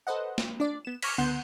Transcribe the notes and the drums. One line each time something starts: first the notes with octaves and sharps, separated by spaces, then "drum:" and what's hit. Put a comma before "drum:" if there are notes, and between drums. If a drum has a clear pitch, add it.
A4 B4 C5 D#5 F#5
drum: snare
D4 D5
B3 E7
C#6 D6 F6 G#6 A#6 B6, drum: cymbal
C#2 D3 B3 F#5 C6 G6